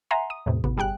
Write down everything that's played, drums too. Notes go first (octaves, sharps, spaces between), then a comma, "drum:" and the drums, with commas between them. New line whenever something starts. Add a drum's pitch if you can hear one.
E5 F#5 G#5 A#5 C6
D#6
E2 A2 C3 E3
A1 B3, drum: tom B2
G1 G3 G#4 G5 F#6